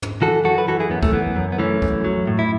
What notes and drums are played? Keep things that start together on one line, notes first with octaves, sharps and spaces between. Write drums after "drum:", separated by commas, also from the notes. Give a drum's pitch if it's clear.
drum: tom
E3 F#4 A4
F#2 F#4 A4
B4
E3 F#4 A4
E4 G#4
F#2 B3
A3, drum: kick
E3 B3
F#2
B3
E3 A3 C#4
F#2, drum: kick
F#3
A2
E4